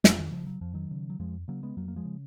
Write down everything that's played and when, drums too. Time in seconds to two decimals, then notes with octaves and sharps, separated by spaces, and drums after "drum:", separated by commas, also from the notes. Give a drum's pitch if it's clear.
0.04 F2 F3, drum: snare
0.18 D#3
0.32 C#3 F3
0.47 F#3
0.61 F2 F3
0.74 D#3 F#3
0.91 C#3
1.10 F#3
1.19 F2 F3 G#3
1.48 C#3 F#3 A#3
1.63 G#3 B3
1.76 F2 F#3 A#3
1.88 A#3
1.96 F3 G#3
2.05 C#3